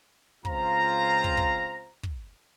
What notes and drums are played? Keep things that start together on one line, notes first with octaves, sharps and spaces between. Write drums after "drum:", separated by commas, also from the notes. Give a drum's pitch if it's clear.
C#2 C4 F4 C5 F5 A#5, drum: kick
drum: kick
drum: kick
drum: kick